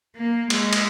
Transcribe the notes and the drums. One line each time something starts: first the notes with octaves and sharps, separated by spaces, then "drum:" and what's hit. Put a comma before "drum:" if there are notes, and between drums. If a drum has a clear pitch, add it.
A#3
G#3, drum: cymbal
drum: cymbal